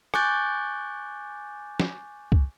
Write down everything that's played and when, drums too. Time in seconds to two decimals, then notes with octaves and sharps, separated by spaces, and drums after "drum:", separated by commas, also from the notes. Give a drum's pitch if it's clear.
0.14 G#5 C#6 D6 F#6 G6 A6, drum: rim click
1.80 drum: snare
2.32 drum: kick C2